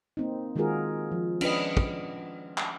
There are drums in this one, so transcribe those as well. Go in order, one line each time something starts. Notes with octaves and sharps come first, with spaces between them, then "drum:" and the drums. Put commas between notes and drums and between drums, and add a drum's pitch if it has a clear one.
A#3 C4 D#4
D#3 G#3 F4 F#4 G#4 A#4
F3
C#4 D4 B4 D#5, drum: cymbal
drum: kick
drum: clap